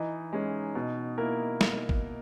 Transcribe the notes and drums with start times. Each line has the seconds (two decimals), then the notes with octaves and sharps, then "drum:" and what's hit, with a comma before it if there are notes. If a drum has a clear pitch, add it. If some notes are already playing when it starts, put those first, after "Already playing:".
Already playing: E3 D#4
0.33 G#3 C#4
0.75 B2
1.18 A#3 E4 A#4
1.61 drum: snare
1.89 drum: kick